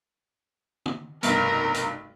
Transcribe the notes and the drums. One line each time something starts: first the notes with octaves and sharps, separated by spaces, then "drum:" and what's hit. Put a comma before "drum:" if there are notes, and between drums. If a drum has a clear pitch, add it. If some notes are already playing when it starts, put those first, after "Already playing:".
drum: tom
F1 B1 G2 A#4, drum: hi-hat
drum: hi-hat